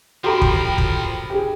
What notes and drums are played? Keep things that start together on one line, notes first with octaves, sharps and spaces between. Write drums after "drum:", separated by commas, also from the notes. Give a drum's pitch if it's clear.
F3 F#4 G4 A4 A#4 G5 A#5 B5
drum: kick
drum: kick
G4 G#4